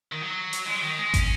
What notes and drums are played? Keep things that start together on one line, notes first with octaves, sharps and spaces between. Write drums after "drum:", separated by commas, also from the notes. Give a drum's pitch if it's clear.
D#3
F#3
drum: hi-hat
G#3
F#3
D#3
G#3
C#4, drum: kick, hi-hat